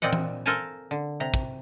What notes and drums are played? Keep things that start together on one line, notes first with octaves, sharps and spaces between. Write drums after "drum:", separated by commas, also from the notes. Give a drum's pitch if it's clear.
A#2 C4 D5 D#5 F#5
drum: tom E3
A4 A#4 C5 F5 G#5 A5
D3
C3 A#5
drum: kick